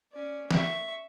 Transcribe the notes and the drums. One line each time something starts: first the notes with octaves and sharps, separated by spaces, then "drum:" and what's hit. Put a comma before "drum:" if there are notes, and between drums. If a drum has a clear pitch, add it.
C#4 D5
E5 C#6, drum: snare